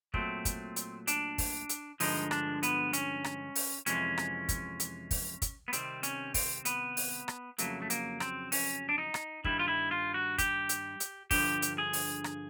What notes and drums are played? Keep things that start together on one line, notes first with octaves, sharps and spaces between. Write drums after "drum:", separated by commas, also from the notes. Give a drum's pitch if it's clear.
A#2 F#3 A3 C4, drum: kick
drum: kick, hi-hat
drum: hi-hat
D4, drum: hi-hat
drum: kick, open hi-hat
drum: hi-hat
G2 D3 F3 G#3 D#4, drum: open hi-hat
D4, drum: rim click
B3, drum: hi-hat
C#4, drum: hi-hat
drum: rim click
drum: open hi-hat
F2 C3 E3 G#3 C#4, drum: hi-hat
drum: rim click
drum: kick, hi-hat
drum: hi-hat
drum: kick, open hi-hat
drum: kick, hi-hat
B3
C3 D#3 G3 C4, drum: hi-hat
C#4, drum: hi-hat
C4, drum: kick, open hi-hat
B3, drum: hi-hat
drum: open hi-hat
drum: rim click
F2 C#3 F#3 A3 A#3, drum: hi-hat
A3
A#3, drum: hi-hat
C4, drum: rim click
C#4, drum: open hi-hat
D4
D#4
drum: rim click
G2 D#3 G3 E4, drum: kick
F4
E4
F4
F#4
G4, drum: kick, hi-hat
drum: hi-hat
drum: hi-hat
G2 D3 F3 G4, drum: kick, open hi-hat
drum: hi-hat
G#4
drum: open hi-hat
drum: rim click